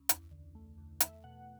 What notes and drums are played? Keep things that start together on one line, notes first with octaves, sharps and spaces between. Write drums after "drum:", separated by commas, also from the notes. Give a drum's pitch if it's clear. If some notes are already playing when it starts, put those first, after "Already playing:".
Already playing: C#2
E2, drum: hi-hat
D3
A3
E2
A3 E5, drum: hi-hat
B2 F#5